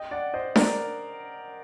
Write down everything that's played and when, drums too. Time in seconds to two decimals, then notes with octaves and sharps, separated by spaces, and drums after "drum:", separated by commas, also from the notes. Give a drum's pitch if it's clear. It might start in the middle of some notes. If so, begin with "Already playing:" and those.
Already playing: D#5 G5
0.11 D5 F#5
0.34 C5 D#5
0.56 A#4 D5, drum: snare D4